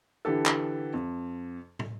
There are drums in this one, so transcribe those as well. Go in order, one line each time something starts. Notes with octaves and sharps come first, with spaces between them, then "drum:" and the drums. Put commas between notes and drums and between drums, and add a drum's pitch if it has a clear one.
D3 E3 G4 A4
drum: clap
F2
drum: tom